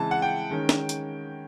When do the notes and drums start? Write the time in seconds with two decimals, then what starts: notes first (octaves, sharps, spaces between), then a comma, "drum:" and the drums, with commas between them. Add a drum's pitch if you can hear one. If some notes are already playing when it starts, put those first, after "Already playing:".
Already playing: C#3 E3 G#3 C4 A5
0.11 F#5
0.22 G5
0.51 D#3 G#3 C#4
0.69 drum: snare
0.89 drum: hi-hat